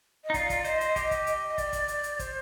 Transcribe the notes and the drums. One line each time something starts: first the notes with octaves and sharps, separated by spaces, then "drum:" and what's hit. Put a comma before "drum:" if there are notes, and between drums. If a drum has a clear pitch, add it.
D#5
D#4
F4 D5, drum: kick, hi-hat
drum: kick, hi-hat
C5 D#5, drum: hi-hat
drum: hi-hat
G4, drum: kick, hi-hat
drum: kick, hi-hat
drum: hi-hat
D#5
D5, drum: kick, hi-hat
drum: kick, hi-hat
drum: hi-hat
drum: hi-hat
C5, drum: kick, hi-hat